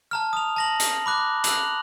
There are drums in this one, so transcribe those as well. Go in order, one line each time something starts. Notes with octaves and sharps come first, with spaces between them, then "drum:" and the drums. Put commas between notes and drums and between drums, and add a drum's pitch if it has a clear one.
A5 A#5 F6
D#6 F7
A5 A#6 F#7
drum: hi-hat
B5 D6 F#6
E6 F#6 F7 F#7, drum: hi-hat